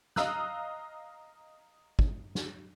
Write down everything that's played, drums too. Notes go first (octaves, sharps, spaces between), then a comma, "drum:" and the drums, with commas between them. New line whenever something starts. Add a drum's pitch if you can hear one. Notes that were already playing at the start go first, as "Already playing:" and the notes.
D#5 F5 A#5 D#6 E6 F#6, drum: snare
drum: kick
drum: snare